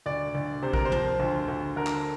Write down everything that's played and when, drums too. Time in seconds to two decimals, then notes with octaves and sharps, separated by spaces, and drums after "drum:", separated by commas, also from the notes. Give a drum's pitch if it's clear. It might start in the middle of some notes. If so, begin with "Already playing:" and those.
0.06 D2 D5
0.35 D2
0.62 C3 C5
0.73 A#4, drum: kick A#1
0.85 C5
0.92 F3, drum: tom
1.20 D2
1.48 D2
1.76 D3 A#4
1.87 drum: clap